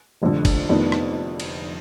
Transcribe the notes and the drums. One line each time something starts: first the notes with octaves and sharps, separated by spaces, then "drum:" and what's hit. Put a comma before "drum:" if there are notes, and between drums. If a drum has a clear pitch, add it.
F1 F2 D3
drum: kick, cymbal
F1 F2 D#3 B3 D4
drum: rim click
drum: cymbal